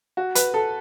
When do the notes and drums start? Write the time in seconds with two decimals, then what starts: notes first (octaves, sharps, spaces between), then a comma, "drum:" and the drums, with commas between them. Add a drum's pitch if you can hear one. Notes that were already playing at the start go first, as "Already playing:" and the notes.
0.17 F#4
0.35 B4, drum: hi-hat
0.54 A4